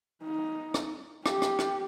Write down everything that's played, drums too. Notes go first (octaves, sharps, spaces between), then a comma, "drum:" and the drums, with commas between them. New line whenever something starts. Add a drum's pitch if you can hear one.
D#4
drum: rim click
G4, drum: rim click
drum: rim click
drum: rim click